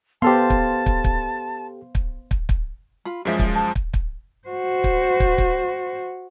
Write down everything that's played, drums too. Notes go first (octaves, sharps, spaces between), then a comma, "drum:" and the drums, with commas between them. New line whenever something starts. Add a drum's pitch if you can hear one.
B3 G4 A4 C5 F5 A5 C6
drum: kick
drum: kick
drum: kick
drum: kick
drum: kick
drum: kick
F4 B5
F#2 F3 G#3 G#4 E5
drum: kick
A5
drum: kick
drum: kick
F#4 C5
drum: kick
drum: kick
drum: kick